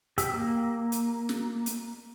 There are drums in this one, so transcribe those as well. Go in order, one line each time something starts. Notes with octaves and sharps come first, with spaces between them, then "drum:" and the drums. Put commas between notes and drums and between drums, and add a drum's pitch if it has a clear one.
G4 G5 E6, drum: hi-hat
A#3
drum: hi-hat
drum: snare
drum: hi-hat